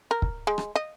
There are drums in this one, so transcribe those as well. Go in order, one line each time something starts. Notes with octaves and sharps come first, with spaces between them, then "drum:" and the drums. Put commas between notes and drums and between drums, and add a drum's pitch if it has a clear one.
A#4
drum: kick
G#3
drum: rim click
D#5